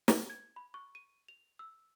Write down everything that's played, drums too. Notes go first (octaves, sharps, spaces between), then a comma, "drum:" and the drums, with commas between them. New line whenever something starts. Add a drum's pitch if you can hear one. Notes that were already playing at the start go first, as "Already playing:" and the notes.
D#7, drum: snare
G#6
B5
C#6
D#7
F7
E6